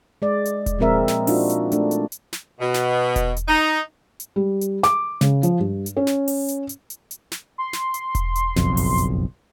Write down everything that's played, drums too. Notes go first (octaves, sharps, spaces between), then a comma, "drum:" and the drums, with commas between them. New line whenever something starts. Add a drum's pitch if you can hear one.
G#3 D5
drum: hi-hat
drum: kick E1, hi-hat
A#2 F3 G#3 C4 A#4 E5
drum: snare
D4 D#4 F4 F#4, drum: open hi-hat
drum: hi-hat
A3 D4, drum: hi-hat
drum: hi-hat
drum: hi-hat
drum: snare
B2
drum: snare
drum: kick E1, hi-hat
drum: hi-hat
D#4
drum: hi-hat
G3
drum: hi-hat
D6, drum: snare
C#3, drum: snare
F3, drum: hi-hat
G2
drum: hi-hat
C#4
drum: snare
drum: open hi-hat
drum: hi-hat
drum: hi-hat
drum: hi-hat
drum: hi-hat
drum: snare
C6
drum: snare
drum: hi-hat
drum: kick E1, hi-hat
drum: hi-hat
F#1 B1 F2, drum: snare
drum: open hi-hat
drum: hi-hat